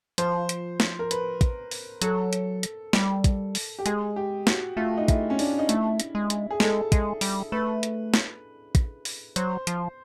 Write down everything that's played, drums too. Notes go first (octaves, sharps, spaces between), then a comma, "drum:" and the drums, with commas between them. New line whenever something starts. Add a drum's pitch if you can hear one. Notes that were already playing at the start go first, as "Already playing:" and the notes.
F3 C5, drum: hi-hat
drum: hi-hat
drum: snare
A#4
B4, drum: hi-hat
drum: kick, hi-hat
drum: open hi-hat
F#3 A4, drum: hi-hat
drum: hi-hat
drum: hi-hat
G3, drum: snare
drum: kick, hi-hat
drum: open hi-hat
G4
G#3 G#4, drum: hi-hat
G4
F#4, drum: snare
A3 F4
D#4
E4, drum: kick, hi-hat
C#4
D4, drum: open hi-hat
D#4
A3 E4, drum: hi-hat
drum: hi-hat
G#3
drum: hi-hat
G#4
G#3 A4, drum: snare
G#3, drum: kick, hi-hat
G3, drum: open hi-hat
A3 B4
drum: hi-hat
drum: snare
drum: kick, hi-hat
drum: open hi-hat
F#3 C5, drum: hi-hat
F3, drum: hi-hat